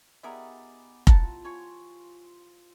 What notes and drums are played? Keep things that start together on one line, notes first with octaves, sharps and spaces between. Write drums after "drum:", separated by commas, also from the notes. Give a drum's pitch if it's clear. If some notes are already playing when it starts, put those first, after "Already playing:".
B3 D#4 G4 G#4 A#4 D5 E5
F3 E4 F#5 A5 A#5 E6, drum: kick F1
F4 C#5 G#5 C6 C#6